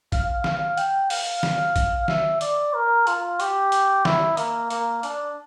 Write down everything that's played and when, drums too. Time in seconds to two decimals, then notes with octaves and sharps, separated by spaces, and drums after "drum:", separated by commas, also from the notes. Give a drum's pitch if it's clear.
0.12 F5, drum: kick, hi-hat
0.44 F5, drum: snare
0.78 G5, drum: hi-hat
1.10 F5, drum: open hi-hat
1.43 drum: snare
1.76 drum: kick, hi-hat
2.08 E5, drum: snare
2.41 D5, drum: hi-hat
2.74 A#4
3.07 F4, drum: hi-hat
3.40 G4, drum: hi-hat
3.72 drum: hi-hat
4.05 E4, drum: snare
4.37 A#3, drum: hi-hat
4.70 A#3, drum: hi-hat
5.03 D4, drum: hi-hat